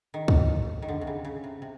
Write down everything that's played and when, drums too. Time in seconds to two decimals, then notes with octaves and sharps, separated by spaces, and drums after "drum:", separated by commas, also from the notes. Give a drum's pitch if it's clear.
0.14 D#3
0.28 drum: kick
0.82 D#3
0.88 D3
1.01 C3
1.07 C#3
1.25 C#3
1.44 C3
1.62 C3